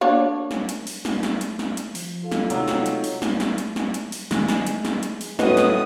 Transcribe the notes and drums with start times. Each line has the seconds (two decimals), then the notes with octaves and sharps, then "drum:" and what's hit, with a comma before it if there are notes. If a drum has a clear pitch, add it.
0.01 A#3 D4 C#5
0.51 drum: snare
0.69 drum: hi-hat
0.87 drum: open hi-hat
1.05 drum: snare
1.23 drum: snare
1.41 drum: hi-hat
1.59 drum: snare
1.77 drum: hi-hat
1.95 F3, drum: open hi-hat
2.22 F4 A4 F5
2.31 drum: snare
2.50 C3 F#3 D#4, drum: hi-hat
2.68 drum: snare
2.86 drum: hi-hat
3.04 drum: open hi-hat
3.22 drum: snare
3.40 drum: snare
3.58 drum: hi-hat
3.76 drum: snare
3.94 drum: hi-hat
4.12 drum: open hi-hat
4.31 G#3, drum: snare
4.48 drum: snare
4.67 drum: hi-hat
4.85 drum: snare
5.03 drum: hi-hat
5.21 drum: open hi-hat
5.39 A2 F#4 B4 D#5 D#6, drum: snare
5.57 drum: snare